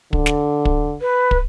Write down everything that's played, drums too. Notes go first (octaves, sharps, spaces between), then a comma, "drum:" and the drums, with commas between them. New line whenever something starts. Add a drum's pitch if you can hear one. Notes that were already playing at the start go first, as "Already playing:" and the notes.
D3, drum: kick
drum: snare
drum: kick
B4
drum: kick